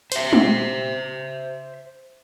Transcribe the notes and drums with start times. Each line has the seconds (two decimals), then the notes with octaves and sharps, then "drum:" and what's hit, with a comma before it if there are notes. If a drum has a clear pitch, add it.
0.12 C5 E5, drum: hi-hat
0.33 drum: tom